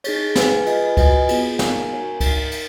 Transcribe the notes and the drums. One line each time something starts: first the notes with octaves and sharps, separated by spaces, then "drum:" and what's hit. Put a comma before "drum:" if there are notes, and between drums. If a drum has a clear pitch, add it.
D#4 G#4 C#5, drum: cymbal
G#4 B4 F5 G#5, drum: snare
F4 B4 D#5 G#5, drum: cymbal
F#4 B4 D#5 G#5, drum: kick C#2, cymbal
B3 F4 G#4, drum: cymbal
B3 D#4 A#4 F5 G#5, drum: snare
F#4 A#4 C#5 G#5
D#4 A#4 F5, drum: kick C#2, cymbal
D#4, drum: cymbal